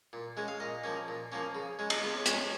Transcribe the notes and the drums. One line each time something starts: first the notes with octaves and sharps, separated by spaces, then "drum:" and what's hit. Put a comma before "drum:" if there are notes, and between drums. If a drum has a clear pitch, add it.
A#2
G#3 C#4
F5
A#2 D#5
F3 A#3 C#4
A#2
F3 A#3 C#4
C#3
G#3 C#4
D#5, drum: cymbal
C#3 C#5
C#5
G#3 C#4, drum: hi-hat
C#5